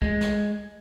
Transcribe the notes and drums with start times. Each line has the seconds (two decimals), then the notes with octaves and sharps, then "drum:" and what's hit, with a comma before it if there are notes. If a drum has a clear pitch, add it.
0.02 G#3, drum: kick
0.21 drum: snare